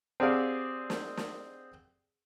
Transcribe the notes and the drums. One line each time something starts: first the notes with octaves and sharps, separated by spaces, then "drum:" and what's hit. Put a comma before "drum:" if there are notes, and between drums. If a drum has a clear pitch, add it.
C4 G4 G#4 D5 F5 F#5
drum: snare
drum: snare